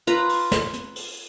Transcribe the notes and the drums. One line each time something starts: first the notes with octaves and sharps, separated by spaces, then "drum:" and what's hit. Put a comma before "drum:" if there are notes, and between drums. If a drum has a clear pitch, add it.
F4 B4 A#5, drum: hi-hat
drum: open hi-hat
drum: snare
drum: hi-hat
drum: open hi-hat